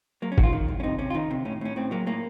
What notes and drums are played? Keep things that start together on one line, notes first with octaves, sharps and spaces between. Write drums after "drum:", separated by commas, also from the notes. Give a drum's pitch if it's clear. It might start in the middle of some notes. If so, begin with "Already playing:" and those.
F#3 A#3
C#4
D#3 F#4, drum: kick
F4
D#3
C2
C#4
C3 D#4
C3 C#4
F4
D#3 D#4
C3
A2 C#4
A2 C#4
A2 C4
F#3 A#3
A2 A#3